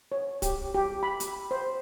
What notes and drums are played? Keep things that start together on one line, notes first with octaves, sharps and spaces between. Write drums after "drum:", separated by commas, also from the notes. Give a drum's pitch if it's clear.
C#5
G4, drum: kick, hi-hat
G4
B5
drum: hi-hat
C5